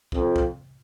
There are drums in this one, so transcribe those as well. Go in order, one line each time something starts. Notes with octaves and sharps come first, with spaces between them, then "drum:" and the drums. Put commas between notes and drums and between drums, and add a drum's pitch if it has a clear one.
F2, drum: kick
drum: kick